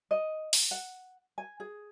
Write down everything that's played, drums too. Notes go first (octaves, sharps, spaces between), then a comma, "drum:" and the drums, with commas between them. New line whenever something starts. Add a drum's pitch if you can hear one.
D#5
drum: open hi-hat
F#5
G#5
G#4